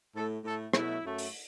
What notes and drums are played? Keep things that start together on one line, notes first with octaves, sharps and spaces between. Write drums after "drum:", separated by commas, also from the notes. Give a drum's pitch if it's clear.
A2 A3 A4
A2 A3 A4
B2 F#3 A3 E4, drum: rim click
F#2 F#3 A3
drum: open hi-hat